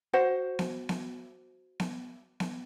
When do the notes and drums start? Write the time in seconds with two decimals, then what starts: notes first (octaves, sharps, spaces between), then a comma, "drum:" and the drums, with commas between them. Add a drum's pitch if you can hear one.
0.13 F#4 C5 F#5
0.59 drum: snare B3
0.89 drum: snare B3
1.80 drum: snare B3
2.40 drum: snare B3